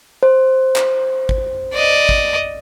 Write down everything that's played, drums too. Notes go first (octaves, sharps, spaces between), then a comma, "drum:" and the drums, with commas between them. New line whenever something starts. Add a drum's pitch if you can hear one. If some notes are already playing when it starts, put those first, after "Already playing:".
C5
drum: clap
drum: kick G#1
D5 D#5
drum: kick G#1